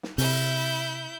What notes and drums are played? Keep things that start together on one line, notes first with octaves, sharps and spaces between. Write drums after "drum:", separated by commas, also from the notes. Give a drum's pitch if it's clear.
drum: snare
C3 E4 G6, drum: open hi-hat